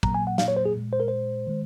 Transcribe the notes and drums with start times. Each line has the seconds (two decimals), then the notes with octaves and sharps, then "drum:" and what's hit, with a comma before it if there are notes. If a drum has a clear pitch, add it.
0.03 A#2 F#3 A#3 A#5, drum: kick
0.14 G#5
0.27 F#5
0.38 F5, drum: snare
0.48 C#5
0.57 C5
0.66 G#4
0.75 A#2 G#3
0.93 C5
1.00 A#4
1.08 C5
1.47 D#3 G#3